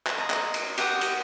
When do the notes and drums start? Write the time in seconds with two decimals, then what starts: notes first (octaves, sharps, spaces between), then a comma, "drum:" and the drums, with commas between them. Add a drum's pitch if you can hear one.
0.07 drum: clap
0.18 D#5 A#5
0.30 drum: clap
0.54 drum: cymbal
0.78 G4 F#5 G5 D#6, drum: cymbal
1.01 drum: cymbal